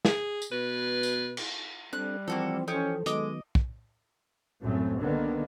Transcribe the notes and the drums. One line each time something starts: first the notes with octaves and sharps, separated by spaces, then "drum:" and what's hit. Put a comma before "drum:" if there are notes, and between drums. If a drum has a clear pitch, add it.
G#4, drum: snare
drum: tambourine
B2 B4
drum: tambourine
drum: cymbal
G3 C4 D4 A4 F#6
E3 F3 A#3 C4 F#4 A4 C5
C#4 G4 A4 C#5 D#5
D#3 F#3 G#3 B3 D#5 D6, drum: hi-hat
drum: kick
C2 F#2 A2 A3 C4
D3 D#3 A#3 B3